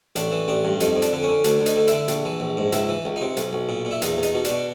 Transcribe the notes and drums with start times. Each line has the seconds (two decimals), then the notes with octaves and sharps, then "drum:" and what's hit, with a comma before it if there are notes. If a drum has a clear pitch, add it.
0.16 A1 D4, drum: hi-hat
0.32 E3
0.48 A1 D4
0.64 G2
0.80 F2 D#4, drum: hi-hat
0.96 F2
1.02 D4, drum: hi-hat
1.12 D3
1.23 C#4
1.28 D3
1.44 D2 D4, drum: hi-hat
1.61 D2
1.66 D#4, drum: hi-hat
1.76 D3
1.88 D3 E4, drum: hi-hat
2.08 A#1, drum: hi-hat
2.25 E3
2.40 A#1
2.57 G#2
2.72 C#2 E4, drum: hi-hat
2.89 E3
3.05 C#2
3.16 C3 D#4
3.37 B1, drum: hi-hat
3.53 B1
3.69 A#2
3.85 A#2
3.91 E4
4.02 E2 D#4, drum: hi-hat
4.17 E2
4.23 D#4, drum: hi-hat
4.34 B2
4.45 D4, drum: hi-hat
4.50 B2